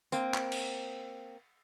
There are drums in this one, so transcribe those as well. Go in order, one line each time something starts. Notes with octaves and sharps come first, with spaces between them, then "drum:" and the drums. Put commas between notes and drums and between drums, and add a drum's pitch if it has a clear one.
A#3 C4, drum: tambourine
drum: clap
drum: cymbal